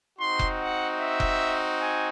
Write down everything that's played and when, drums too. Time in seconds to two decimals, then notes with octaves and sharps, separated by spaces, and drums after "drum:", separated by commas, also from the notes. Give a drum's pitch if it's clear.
0.19 C4 D#4 F#4 C6
0.39 drum: kick F1
0.60 F#5
0.99 E5
1.20 drum: kick F1
1.80 G#5